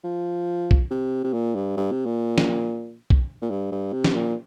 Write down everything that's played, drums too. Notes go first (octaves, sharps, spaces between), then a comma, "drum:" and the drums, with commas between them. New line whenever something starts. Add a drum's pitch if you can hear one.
F3
drum: kick B1
C3
C3
A#2
G2
G2
C3
A#2
drum: snare
drum: kick B1
A#2
G2
G2
C3
drum: snare
A#2